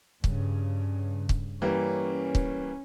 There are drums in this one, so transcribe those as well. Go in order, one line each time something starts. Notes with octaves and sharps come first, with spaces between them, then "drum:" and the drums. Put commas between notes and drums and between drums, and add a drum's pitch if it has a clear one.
G2 C#3, drum: kick
drum: kick
E3 G3 A#3 C#4
drum: kick